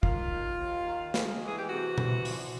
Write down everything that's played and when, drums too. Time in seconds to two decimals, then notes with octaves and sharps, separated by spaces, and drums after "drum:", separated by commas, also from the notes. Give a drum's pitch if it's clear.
0.03 D#3 F4, drum: kick
0.31 D#2
0.59 D#2
0.87 D#3
1.14 G#3, drum: snare
1.43 E3
1.48 G#4
1.59 G4
1.70 C3 F#4
1.98 E3, drum: tom A#2
2.25 F3, drum: open hi-hat